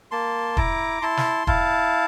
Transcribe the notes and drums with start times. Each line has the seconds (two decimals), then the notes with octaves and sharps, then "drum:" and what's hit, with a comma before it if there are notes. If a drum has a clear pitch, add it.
0.11 A#3 A5 C6
0.57 E4 A#5 D6, drum: kick
1.02 E4 A5 C6
1.17 drum: snare
1.47 E4 F5 A5, drum: kick